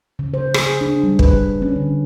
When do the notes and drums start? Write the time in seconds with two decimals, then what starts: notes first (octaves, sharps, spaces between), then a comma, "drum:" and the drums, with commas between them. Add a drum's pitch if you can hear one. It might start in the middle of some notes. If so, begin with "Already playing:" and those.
0.19 C#3
0.34 C5
0.54 G#4, drum: rim click
0.81 D4
1.03 G3
1.19 B4, drum: kick
1.62 C#4
1.76 D3